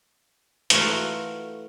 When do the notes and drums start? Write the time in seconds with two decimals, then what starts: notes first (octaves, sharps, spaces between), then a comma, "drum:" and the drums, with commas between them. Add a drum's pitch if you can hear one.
0.70 E3 A3 F4 F#4 A#4, drum: hi-hat